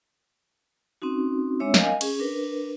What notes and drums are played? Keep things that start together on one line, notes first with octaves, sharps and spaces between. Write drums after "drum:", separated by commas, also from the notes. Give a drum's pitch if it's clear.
C4 C#4 D#4 F#4
G#3 C4 D4 C#5 E5 E6
A#4 D#5 F5 G#5, drum: snare
C#4 G#4, drum: cymbal
D4 A#4 B4